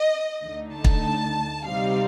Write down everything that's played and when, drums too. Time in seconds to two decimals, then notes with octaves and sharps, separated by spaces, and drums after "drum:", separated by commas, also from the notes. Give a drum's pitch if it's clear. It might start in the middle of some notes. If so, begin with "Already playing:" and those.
Already playing: D#5
0.44 D2 D3 A3 D#4
0.75 A5
0.84 drum: kick
1.65 C3 G3 C4 D#4 F5